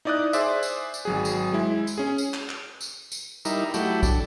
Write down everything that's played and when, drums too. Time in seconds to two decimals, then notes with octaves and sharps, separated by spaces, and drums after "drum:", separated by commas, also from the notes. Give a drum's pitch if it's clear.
0.05 D#4 E4 D5 D#5 D#6 F#6
0.33 G#4 C5 D5 E5, drum: tambourine
0.63 drum: tambourine
0.94 drum: tambourine
1.05 G#1 F#3 G#4
1.25 drum: tambourine
1.52 G#3 E4
1.87 drum: tambourine
1.98 C#4 G#4
2.18 drum: tambourine
2.34 drum: clap
2.49 drum: clap
2.81 drum: tambourine
3.12 drum: tambourine
3.45 G3 D#4 E4 A#4, drum: tambourine
3.74 F#3 A3 E4 G4, drum: tambourine
4.03 D4 A4, drum: kick, tambourine